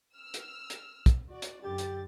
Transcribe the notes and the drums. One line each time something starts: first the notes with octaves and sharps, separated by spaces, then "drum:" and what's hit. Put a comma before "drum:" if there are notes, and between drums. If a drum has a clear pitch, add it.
E6 F6
drum: hi-hat
drum: hi-hat
drum: kick, hi-hat
F#4 D5
drum: hi-hat
F#2 D3 G4 A6
drum: hi-hat